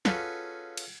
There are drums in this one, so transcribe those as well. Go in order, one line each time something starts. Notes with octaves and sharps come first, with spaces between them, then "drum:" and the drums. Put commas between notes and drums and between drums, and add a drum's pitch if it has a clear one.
C#4 F4 F#4 G#4 A4 B4, drum: snare
drum: cymbal